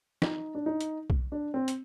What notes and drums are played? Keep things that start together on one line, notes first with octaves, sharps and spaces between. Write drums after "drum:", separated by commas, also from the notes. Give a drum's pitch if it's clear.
D#4, drum: snare
D4
D#4
drum: hi-hat
drum: kick B1
D4
C4
drum: hi-hat